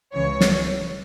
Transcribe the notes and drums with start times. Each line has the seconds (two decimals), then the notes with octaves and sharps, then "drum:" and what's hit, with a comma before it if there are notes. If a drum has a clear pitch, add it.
0.13 C#2 C#3 E3 C#5
0.41 drum: snare